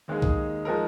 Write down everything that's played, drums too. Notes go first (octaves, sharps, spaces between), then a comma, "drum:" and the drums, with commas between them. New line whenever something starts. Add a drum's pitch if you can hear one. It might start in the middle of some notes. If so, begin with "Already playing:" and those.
D#2 D#3 G#3 D#4 G#4
drum: kick
F3 G#3 D#4 A#4